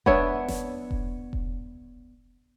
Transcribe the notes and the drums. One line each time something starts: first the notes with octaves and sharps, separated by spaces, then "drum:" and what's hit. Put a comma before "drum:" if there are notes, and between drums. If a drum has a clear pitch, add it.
B3 D4 C#5 E5, drum: kick E1
drum: snare F1
drum: kick E1
drum: kick E1